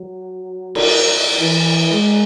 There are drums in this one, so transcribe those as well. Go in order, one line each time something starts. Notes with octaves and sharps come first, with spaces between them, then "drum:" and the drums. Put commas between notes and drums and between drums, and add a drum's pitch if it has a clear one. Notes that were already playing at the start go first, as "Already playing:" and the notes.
Already playing: F#3
drum: cymbal
E3
G#3